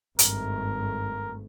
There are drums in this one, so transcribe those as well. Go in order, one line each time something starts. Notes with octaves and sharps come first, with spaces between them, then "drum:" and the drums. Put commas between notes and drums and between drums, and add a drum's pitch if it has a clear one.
G#1 G2 A3 A#4, drum: hi-hat